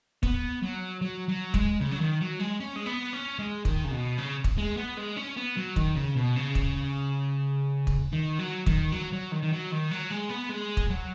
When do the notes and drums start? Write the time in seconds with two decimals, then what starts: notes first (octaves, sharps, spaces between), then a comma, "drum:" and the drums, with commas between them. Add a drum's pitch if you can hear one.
0.23 B3, drum: kick
0.63 F#3
1.01 F#3
1.28 F#3
1.54 G#3, drum: kick
1.80 C#3
1.91 F#3
2.00 D#3
2.20 F#3
2.39 G#3
2.60 C#4
2.76 G#3
2.86 B3
3.13 C#4
3.39 G#3
3.65 D#3, drum: kick
3.84 C#3
3.91 B2
4.18 C#3
4.44 drum: kick
4.58 G#3
4.77 B3
4.97 G#3
5.16 C#4
5.36 B3
5.56 F#3
5.76 D#3, drum: kick
5.95 C#3
6.16 B2
6.36 C#3
6.55 drum: kick
7.87 drum: kick
8.13 D#3
8.39 F#3
8.66 D#3, drum: kick
8.92 F#3
9.13 F#3
9.32 D#3
9.43 D#3
9.52 F#3
9.72 D#3
9.91 F#3
10.11 G#3
10.30 B3
10.50 G#3
10.77 drum: kick
10.90 F#3